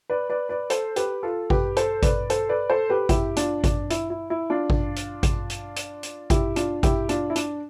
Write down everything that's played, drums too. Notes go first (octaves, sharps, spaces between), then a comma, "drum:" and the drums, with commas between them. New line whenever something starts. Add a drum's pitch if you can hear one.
B4 D5
B4 D5
B4 D5
A4 C5, drum: hi-hat
G4 B4, drum: hi-hat
F4 A4
G4 B4, drum: kick G#1
A4 C5, drum: hi-hat
B4 D5, drum: kick G#1, hi-hat
A4 C5, drum: hi-hat
B4 D5
A4 C5
G4 B4
E4 G4, drum: kick G#1, hi-hat
D4 F4, drum: hi-hat
D4, drum: kick G#1, hi-hat
E4, drum: hi-hat
E4
E4
D4 F4
drum: kick G#1
drum: hi-hat
drum: kick G#1, hi-hat
drum: hi-hat
drum: hi-hat
drum: hi-hat
E4 G4, drum: kick G#1, hi-hat
D4 F4, drum: hi-hat
E4 G4, drum: kick G#1, hi-hat
D4 F4, drum: hi-hat
E4
D4, drum: hi-hat